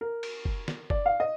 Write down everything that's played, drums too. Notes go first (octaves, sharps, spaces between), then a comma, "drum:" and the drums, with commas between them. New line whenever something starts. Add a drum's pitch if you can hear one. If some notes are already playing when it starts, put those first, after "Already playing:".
A#4
drum: cymbal
drum: kick
drum: snare
D5, drum: kick
F5
D#5